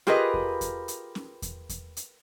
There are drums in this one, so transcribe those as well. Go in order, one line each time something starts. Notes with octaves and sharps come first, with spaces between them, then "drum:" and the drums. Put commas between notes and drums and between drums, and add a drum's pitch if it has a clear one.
F4 G4 G#4 A#4 B4 D#5, drum: snare C#4
drum: kick E2
drum: kick E2, hi-hat
drum: hi-hat
drum: snare C#4
drum: kick E2, hi-hat
drum: kick E2, hi-hat
drum: hi-hat